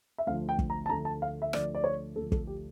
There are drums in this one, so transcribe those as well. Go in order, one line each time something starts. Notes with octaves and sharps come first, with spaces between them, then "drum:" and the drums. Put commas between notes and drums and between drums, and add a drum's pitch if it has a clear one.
E5
D2 D3 F3 A3 F5
G5
drum: kick
A#5
A5
D2 D3 F3 A3 A#5
A5
F5
E5
D2 D3 F3 A3 D5, drum: rim click
D5
C#5
D2 D3 F3 A3 A4
A4, drum: kick
G4